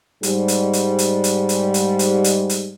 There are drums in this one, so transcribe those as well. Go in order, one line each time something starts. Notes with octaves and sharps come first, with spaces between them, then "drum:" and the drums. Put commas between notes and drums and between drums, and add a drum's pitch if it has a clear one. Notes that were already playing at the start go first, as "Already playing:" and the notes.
G#2 G3, drum: hi-hat
drum: hi-hat
drum: hi-hat
drum: hi-hat
drum: hi-hat
drum: hi-hat
drum: hi-hat
drum: hi-hat
drum: hi-hat
drum: hi-hat